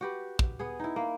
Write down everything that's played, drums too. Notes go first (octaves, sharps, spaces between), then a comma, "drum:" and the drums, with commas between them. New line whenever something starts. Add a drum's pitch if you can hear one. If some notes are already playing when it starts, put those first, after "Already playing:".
F#4 G4 B4
drum: kick
B3 G#4
D#4 E4
A#3